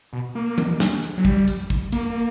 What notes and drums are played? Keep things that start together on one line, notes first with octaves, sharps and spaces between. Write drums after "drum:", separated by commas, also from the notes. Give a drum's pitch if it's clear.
B2
A#3
drum: tom E3
drum: snare
drum: hi-hat
F#3
G3, drum: kick
drum: hi-hat
drum: kick
A#3, drum: hi-hat